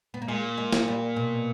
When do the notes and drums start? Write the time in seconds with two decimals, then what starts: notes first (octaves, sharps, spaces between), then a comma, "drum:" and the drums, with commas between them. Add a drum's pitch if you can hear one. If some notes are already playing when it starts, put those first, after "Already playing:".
0.14 B3
0.22 A#3
0.28 A#2 G#3
0.57 G#3
0.73 drum: snare
0.88 G3
1.16 B2